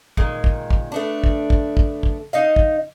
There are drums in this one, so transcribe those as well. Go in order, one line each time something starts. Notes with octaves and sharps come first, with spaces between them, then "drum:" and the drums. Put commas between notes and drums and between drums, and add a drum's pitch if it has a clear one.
A#2 D#3 G#3, drum: kick
drum: kick
drum: kick
A3 B3 D4
drum: kick
drum: kick
drum: kick
drum: kick
D#4 D#5 F5
drum: kick